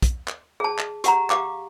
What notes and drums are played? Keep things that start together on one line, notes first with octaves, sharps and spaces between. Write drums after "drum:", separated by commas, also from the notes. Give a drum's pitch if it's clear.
drum: kick, hi-hat
drum: clap
G#4 A5
drum: clap
G4 F#5 A#5, drum: hi-hat
G4 F5 D6, drum: clap